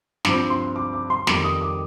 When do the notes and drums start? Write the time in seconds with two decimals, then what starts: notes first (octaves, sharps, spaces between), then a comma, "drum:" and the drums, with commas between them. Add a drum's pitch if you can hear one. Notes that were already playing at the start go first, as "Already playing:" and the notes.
0.25 G2 F3 C4 D6, drum: snare
0.50 C6
0.76 D6
0.93 D6
1.10 C6
1.27 F2 D#3 G3 D6, drum: snare
1.44 D#6
1.61 D6